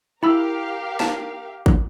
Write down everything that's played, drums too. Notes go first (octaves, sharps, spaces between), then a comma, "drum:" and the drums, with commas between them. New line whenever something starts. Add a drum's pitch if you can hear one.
E4 G4 A#4 F5 B5 E6
A5, drum: snare
drum: kick